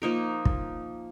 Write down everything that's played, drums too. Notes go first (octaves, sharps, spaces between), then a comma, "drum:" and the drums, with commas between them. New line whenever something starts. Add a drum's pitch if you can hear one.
F3 A#3 D#4 A#4
drum: kick